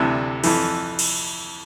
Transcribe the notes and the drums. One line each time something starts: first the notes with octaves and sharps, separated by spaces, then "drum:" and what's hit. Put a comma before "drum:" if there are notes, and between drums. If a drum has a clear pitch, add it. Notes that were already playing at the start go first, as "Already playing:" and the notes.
Already playing: D2 C3 E3 D4
F2 E3, drum: cymbal
drum: cymbal